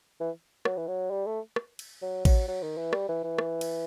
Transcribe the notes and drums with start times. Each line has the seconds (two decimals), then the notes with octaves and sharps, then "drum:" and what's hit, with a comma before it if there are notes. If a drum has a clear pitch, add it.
0.20 E3
0.65 F#3, drum: rim click
0.77 E3
0.87 F#3
1.11 G3
1.26 A3
1.56 drum: rim click
1.79 drum: cymbal
2.02 F#3
2.25 F#3, drum: kick A1, cymbal
2.48 F#3
2.62 D#3
2.77 E3
2.93 G3, drum: rim click
3.09 E3
3.23 E3
3.38 drum: rim click
3.61 drum: cymbal